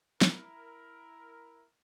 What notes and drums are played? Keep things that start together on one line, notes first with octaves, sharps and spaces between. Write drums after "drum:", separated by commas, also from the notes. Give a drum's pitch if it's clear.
E4 A#4, drum: snare